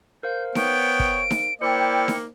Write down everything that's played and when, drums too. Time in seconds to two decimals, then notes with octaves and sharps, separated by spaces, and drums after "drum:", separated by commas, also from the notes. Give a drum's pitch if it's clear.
0.23 A#4 C5 F5 G6
0.55 B3 C#5 G5 D7, drum: snare D#4
1.00 drum: kick
1.31 drum: snare D#4
1.61 A#3 E4 C5 D5 G5 C#7
2.08 drum: snare D#4